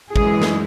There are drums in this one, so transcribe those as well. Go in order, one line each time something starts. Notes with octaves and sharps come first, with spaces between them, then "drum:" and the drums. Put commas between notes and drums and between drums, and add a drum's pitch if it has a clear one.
F#2 E3 G#3 G#4, drum: kick
drum: snare